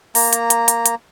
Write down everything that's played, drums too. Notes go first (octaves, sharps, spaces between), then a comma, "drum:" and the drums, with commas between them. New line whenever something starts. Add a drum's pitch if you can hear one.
A#3 A#5, drum: open hi-hat
drum: hi-hat
drum: hi-hat
drum: hi-hat
drum: hi-hat